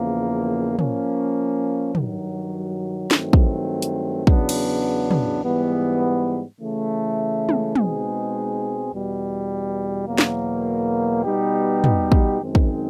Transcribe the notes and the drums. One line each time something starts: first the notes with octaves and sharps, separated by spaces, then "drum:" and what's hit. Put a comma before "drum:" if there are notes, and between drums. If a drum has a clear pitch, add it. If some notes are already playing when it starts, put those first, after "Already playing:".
Already playing: E2 C#3 F3 A#3
F3 A#3 C#4, drum: tom
G2 D#3 F#3, drum: tom
G2 D#3 F#3 A3 C4, drum: snare
drum: kick
drum: hi-hat
E2 C#3 F#3 B3 D4, drum: kick
drum: cymbal
drum: tom
G#2 E3 G3 B3
C#3 E3 A3
drum: tom
B2 G#3 C4 D#4 G#4, drum: tom
E2 B2 G3
E2 B2 F#3 A#3
drum: snare
B2 G3 B3 D#4 G4
drum: tom
drum: kick
F#2 D#3 G#3 C4 D#4
drum: kick